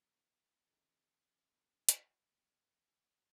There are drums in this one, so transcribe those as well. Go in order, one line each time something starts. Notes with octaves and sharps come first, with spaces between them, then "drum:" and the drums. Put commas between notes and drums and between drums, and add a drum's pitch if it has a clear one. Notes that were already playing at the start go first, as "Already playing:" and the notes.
Already playing: D3 F#3 B3 E4
C#3 E3 A3 C4 D#4
D3 G3 B3 D#4 F#4
drum: hi-hat
D#3 G3 B3
A2 F#3